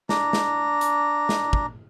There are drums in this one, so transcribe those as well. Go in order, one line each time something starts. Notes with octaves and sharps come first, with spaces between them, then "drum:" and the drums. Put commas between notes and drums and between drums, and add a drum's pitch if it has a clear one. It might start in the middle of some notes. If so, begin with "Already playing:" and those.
D4 A#5, drum: snare
drum: snare
drum: hi-hat
drum: snare
drum: kick